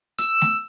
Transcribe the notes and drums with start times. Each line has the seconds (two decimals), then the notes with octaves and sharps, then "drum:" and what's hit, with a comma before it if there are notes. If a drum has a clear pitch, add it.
0.19 E6, drum: hi-hat
0.41 drum: snare A3